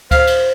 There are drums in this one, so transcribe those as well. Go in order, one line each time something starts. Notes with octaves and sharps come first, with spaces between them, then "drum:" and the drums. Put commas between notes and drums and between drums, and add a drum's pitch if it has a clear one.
C5 F5, drum: kick D2, cymbal
drum: cymbal